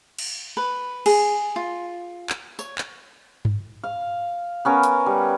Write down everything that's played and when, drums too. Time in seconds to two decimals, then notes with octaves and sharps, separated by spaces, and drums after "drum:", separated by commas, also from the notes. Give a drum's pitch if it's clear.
0.19 drum: cymbal
0.57 B4
1.06 G#4, drum: cymbal
1.56 F4
2.30 drum: clap
2.59 C#5, drum: tambourine
2.78 drum: clap
3.45 drum: tom G2
3.84 F5
4.65 B3 C#4 A#4
4.83 drum: hi-hat
5.06 G3